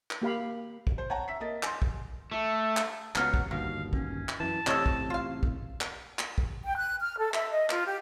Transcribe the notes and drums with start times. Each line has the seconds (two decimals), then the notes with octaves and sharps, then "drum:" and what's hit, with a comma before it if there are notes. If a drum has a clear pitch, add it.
0.11 drum: clap
0.22 A#3 G4 F5 B5
0.87 drum: kick
0.98 C5
1.10 C#5 F#5 A5 A#5
1.28 E5 B6
1.40 A#3 D#5 A6
1.63 G#5 C6, drum: clap
1.82 drum: kick
2.32 A3
2.77 drum: clap
3.15 C#2 F#3 B3 F5 F#5 A5, drum: clap
3.34 drum: kick
3.51 G1 D#2 B2 F5
3.93 C#4, drum: kick
4.29 drum: clap
4.40 F#2 E3 A5
4.67 A1 C3 A4 C#5 D#5, drum: clap
4.86 drum: kick
5.10 F4 F5
5.43 drum: kick
5.81 drum: clap
6.19 drum: clap
6.38 drum: kick
6.66 G5
6.77 F#6
7.01 F6
7.19 A4
7.34 E5, drum: clap
7.51 D#5
7.70 F4, drum: clap
7.86 G4